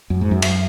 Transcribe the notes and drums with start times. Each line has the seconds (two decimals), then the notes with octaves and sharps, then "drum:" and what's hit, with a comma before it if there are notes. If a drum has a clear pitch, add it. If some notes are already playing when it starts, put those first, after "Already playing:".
0.10 F#2
0.21 G#2
0.31 F#2
0.42 drum: cymbal